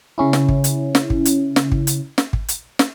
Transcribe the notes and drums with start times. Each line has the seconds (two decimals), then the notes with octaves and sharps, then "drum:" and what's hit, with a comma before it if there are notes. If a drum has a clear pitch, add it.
0.18 C#3 C#4 E4
0.33 drum: snare
0.49 drum: kick
0.64 drum: hi-hat
0.95 drum: snare
1.10 drum: kick
1.25 drum: hi-hat
1.56 drum: snare
1.72 drum: kick
1.87 drum: hi-hat
2.18 drum: snare
2.33 drum: kick
2.48 drum: hi-hat
2.79 drum: snare